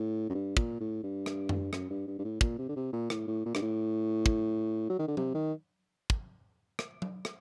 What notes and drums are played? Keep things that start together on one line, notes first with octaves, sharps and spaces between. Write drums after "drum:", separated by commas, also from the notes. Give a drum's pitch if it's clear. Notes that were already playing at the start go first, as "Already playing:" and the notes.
Already playing: A2
F#2
G2
A#2, drum: kick
A2
G2
drum: rim click
drum: tom F#2
F#2, drum: rim click
G2
G2
G2
A2
A#2, drum: kick
C3
D3
C3
A#2
A2, drum: rim click
A2
A#2
G2, drum: rim click
A2
drum: kick
F#3
D#3
D3
C3, drum: tom F#3
D#3
drum: kick
drum: rim click
drum: tom F#3
drum: rim click